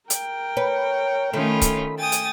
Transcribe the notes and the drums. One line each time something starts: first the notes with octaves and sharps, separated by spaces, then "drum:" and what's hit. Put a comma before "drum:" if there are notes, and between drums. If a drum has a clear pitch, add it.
A#4 G5, drum: hi-hat
B4 C#5
D#3 A3 C#4 F4 B5
drum: kick C#1, hi-hat
G5 G#5 D#6 A6
drum: hi-hat